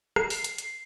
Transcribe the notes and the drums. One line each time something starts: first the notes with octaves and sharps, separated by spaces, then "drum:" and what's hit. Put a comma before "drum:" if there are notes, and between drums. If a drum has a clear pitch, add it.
C7, drum: rim click
drum: open hi-hat
drum: hi-hat
drum: hi-hat